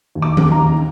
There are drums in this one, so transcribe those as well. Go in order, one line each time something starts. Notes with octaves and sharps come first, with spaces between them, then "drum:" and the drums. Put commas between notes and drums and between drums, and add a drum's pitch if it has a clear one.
D#2
D6
D#2, drum: tom E3
A#5
D#2